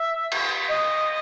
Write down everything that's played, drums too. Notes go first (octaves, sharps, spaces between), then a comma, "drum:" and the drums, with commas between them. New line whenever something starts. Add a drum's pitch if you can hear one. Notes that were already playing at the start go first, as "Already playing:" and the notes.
Already playing: E5
drum: cymbal
D#5